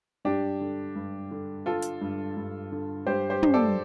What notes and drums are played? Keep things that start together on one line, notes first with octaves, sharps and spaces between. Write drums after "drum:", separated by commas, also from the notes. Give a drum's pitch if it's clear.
G2 D4 G4
D3
G2
D3
D3 F4 A4
drum: hi-hat
G2
G2
D3
G2 G4 C5
G4 C5
G2, drum: tom
A4 D5